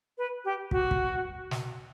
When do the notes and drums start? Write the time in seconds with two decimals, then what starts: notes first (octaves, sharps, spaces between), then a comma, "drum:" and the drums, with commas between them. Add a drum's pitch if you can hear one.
0.18 B4
0.45 G4
0.71 F#4, drum: kick
0.91 drum: kick
1.51 drum: snare